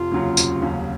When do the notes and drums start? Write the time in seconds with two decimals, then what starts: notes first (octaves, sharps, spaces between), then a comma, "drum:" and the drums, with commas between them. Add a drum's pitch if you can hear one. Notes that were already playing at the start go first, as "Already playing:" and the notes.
Already playing: F1 F4
0.12 D#2 C#3 F#3 C#4
0.37 F1, drum: tambourine
0.62 D#2 C#3 F#3 C#4